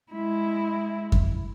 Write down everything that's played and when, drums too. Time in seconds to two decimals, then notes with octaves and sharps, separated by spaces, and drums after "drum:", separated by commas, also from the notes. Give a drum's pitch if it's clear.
0.12 G#3 E4
1.12 drum: kick F2